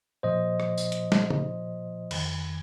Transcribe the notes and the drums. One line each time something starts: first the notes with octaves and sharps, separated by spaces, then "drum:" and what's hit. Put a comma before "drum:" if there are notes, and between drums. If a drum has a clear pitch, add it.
A#2 F3 C5 D#5
drum: rim click
drum: tambourine
drum: hi-hat
drum: snare
drum: tom C#3
F2 D#3, drum: cymbal